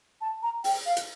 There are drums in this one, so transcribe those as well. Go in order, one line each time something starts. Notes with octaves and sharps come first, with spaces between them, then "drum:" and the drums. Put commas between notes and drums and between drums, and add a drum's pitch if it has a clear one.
A5
A#5
G5, drum: open hi-hat
F5
drum: hi-hat